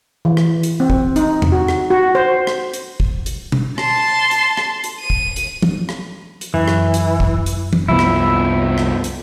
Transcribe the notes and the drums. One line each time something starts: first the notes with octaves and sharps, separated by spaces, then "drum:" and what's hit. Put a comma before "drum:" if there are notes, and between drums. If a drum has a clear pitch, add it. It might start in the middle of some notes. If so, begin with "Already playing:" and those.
E3
drum: rim click
drum: hi-hat
C4
drum: kick
D#4, drum: hi-hat
drum: tom E2
F#4
drum: rim click
F#4
C5
drum: rim click
drum: hi-hat
drum: kick
drum: hi-hat
drum: tom B2
A5 C6, drum: rim click
drum: hi-hat
drum: rim click
drum: hi-hat
D#7
drum: kick
drum: hi-hat
drum: tom
drum: rim click
drum: hi-hat
F#2 E3
drum: rim click
drum: hi-hat
drum: kick
drum: hi-hat
drum: tom
C2 F3 B3 E4
drum: rim click
drum: rim click
drum: hi-hat